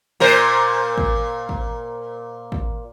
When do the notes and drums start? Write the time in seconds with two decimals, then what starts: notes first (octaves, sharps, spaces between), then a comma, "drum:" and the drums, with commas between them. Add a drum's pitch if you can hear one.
0.20 A#2 A#4 C5
0.98 drum: kick
1.49 drum: kick
2.52 drum: kick